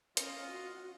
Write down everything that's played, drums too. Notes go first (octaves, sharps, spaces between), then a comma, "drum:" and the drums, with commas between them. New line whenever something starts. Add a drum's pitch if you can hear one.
C#4 F4 D#5 F5, drum: hi-hat
F#4